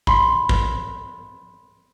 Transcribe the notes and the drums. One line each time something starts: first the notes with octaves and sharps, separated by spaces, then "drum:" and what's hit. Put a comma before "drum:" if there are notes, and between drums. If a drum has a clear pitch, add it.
B5 C6, drum: kick
drum: kick